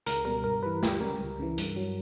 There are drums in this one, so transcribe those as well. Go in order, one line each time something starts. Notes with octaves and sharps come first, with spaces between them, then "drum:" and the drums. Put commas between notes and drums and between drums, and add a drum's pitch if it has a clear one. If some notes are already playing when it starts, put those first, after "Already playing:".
C#2 A#4, drum: hi-hat
B2 G3 A#4
G2 A#4
E3 G3 B4
D2 G4, drum: snare
C#3 G3 A#4
C#2
C#3 E3
G2, drum: hi-hat
F#3